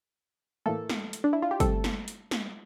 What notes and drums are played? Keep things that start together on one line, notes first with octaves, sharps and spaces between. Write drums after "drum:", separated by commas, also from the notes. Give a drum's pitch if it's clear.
A2 E3 A3 A#3 A4
drum: snare
drum: hi-hat
D4
E4
F4
G4
C3 G3 A3 C4 A4, drum: kick, hi-hat
drum: snare
drum: hi-hat
drum: snare